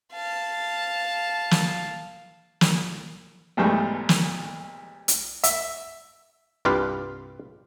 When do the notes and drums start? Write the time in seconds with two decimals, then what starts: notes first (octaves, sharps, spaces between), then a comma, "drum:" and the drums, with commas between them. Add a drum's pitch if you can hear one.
0.12 F5 A5
1.51 drum: snare
2.61 drum: snare
3.57 B1 E2 G#2 G3 A3
4.09 drum: snare
5.08 drum: hi-hat
5.44 E5, drum: hi-hat
6.65 C2 G2 F4 G4 B4 F5